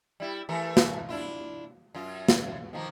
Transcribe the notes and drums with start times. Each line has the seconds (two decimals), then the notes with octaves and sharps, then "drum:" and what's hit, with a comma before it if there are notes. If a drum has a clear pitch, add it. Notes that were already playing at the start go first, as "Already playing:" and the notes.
0.20 G3 E4
0.49 E3 A3 A#4
0.77 drum: snare
1.09 D4 E4 F4
1.95 F#2 F4
2.28 drum: snare
2.73 D#3 F3 A#3